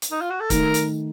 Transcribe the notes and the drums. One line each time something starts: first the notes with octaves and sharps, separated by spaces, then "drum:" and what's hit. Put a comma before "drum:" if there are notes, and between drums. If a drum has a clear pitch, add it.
drum: hi-hat
D#4
F4
F#4
A4
D#3 A3 D#4 A#4, drum: kick, hi-hat
drum: hi-hat